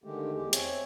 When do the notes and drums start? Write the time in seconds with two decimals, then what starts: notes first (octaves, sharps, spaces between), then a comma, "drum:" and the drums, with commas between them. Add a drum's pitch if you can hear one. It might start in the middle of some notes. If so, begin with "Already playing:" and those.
0.04 D3 D#3 G#3 A3 G4
0.35 E2 G#3 G4
0.53 C4 C#5 E5 G#5, drum: hi-hat